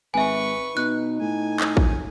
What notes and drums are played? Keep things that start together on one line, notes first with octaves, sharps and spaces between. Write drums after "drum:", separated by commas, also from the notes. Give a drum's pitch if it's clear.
G#1 B4 E5 G#5 C#6
B2 D#4 F#6
A2 G#5
drum: clap
drum: kick